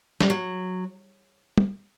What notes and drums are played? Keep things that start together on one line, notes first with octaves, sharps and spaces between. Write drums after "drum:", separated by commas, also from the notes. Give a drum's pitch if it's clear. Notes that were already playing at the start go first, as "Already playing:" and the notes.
G3, drum: snare
F#3
drum: tom